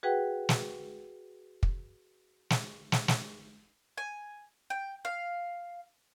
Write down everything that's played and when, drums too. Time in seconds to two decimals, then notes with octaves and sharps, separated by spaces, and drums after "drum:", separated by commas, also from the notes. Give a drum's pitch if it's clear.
0.03 F#4 G#4 B4 F#5 G5
0.49 drum: snare
1.63 drum: kick
2.50 drum: snare
2.92 drum: snare
3.08 drum: snare
3.98 G#5
4.70 G5
5.05 F5